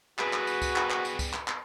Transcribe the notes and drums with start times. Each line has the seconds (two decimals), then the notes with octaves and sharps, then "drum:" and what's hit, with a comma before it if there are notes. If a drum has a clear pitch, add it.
0.19 E2 G3 F#4 G#4 B4, drum: clap
0.33 drum: clap
0.47 drum: tambourine
0.62 drum: kick C#2, tambourine
0.76 drum: clap
0.90 drum: clap
1.05 drum: tambourine
1.19 drum: kick C#2, tambourine
1.33 drum: clap
1.48 drum: clap